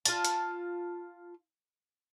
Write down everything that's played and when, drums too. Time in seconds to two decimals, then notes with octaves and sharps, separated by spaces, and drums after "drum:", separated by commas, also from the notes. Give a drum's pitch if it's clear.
0.05 F4 A5, drum: hi-hat
0.25 drum: hi-hat